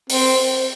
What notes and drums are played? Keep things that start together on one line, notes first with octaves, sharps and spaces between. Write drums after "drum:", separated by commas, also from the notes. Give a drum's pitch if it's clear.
C4, drum: open hi-hat